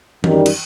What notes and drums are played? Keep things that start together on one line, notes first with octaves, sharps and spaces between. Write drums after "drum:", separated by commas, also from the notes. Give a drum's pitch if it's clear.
F#2 D#3 G3, drum: tom E3
drum: cymbal